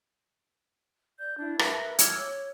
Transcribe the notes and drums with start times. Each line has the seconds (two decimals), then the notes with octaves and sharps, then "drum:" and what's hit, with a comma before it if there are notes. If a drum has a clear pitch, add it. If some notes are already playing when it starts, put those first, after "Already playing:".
1.18 D5 G6
1.39 D4 E4
1.59 A#4 B4 E5, drum: rim click
1.99 D6 E6 F6 G#6, drum: hi-hat
2.17 C#5